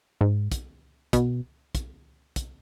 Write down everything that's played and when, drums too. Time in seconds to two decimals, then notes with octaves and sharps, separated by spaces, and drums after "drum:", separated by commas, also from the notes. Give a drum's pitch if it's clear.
0.21 G#2
0.52 drum: kick, hi-hat
1.13 B2, drum: kick, hi-hat
1.75 drum: kick, hi-hat
2.36 drum: kick, hi-hat